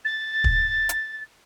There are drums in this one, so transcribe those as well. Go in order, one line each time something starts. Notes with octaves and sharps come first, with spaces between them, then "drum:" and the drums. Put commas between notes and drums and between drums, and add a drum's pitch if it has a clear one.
A6
drum: kick
drum: hi-hat